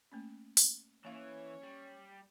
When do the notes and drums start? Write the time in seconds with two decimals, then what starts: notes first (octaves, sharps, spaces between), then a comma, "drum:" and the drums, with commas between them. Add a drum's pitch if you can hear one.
0.12 A3 A#3 C#4
0.57 drum: open hi-hat
1.05 E3 A#3 C#4 C#5 F5
1.63 G3